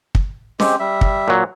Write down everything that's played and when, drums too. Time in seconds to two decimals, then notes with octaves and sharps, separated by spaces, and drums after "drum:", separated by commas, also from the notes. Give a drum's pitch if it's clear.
0.15 drum: kick
0.60 G#3 C4 G4, drum: snare C#4
0.80 G3 E5
1.01 drum: kick
1.28 A#2 F#3